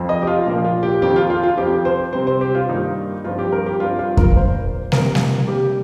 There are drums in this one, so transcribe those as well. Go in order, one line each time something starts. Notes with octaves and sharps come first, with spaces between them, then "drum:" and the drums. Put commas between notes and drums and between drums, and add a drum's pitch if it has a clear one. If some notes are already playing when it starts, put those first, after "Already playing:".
Already playing: F2 F3 C4
D#5
G4
F4
A#2 F3 A#3
F4
G4
F2 D#3 C4 G4
F4
F4
F4
F2 F3 C4 G4
C5
C3 G3 C4 C5
C5
G4
F4
G2 D#3 G3 A#3 D#4
G2 F3 C4 F4
G4
A#4
G4
G2 G3 C4 F4
F4
A#4, drum: kick F2
A#2 A#3 C5
C3 F3 C4 A#4, drum: snare G3
drum: snare G3
C3 G3 A#3 G4